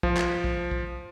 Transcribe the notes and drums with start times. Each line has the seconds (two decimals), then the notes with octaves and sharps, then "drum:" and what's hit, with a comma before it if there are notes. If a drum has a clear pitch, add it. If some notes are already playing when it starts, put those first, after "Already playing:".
0.03 F3, drum: kick
0.17 drum: clap
0.44 drum: kick
0.71 drum: kick